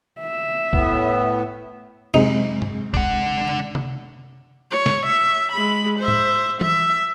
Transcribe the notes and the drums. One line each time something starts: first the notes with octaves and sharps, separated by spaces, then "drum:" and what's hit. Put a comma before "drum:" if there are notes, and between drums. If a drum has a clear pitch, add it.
E5
A2 B3, drum: kick
F#2 C3 G#3 D#4, drum: cymbal
drum: tom G2
D4 F#5, drum: kick
drum: tom C3
C#5
drum: snare
E5
G#3 B5
C5 E5
drum: tom A2
E5, drum: tom E3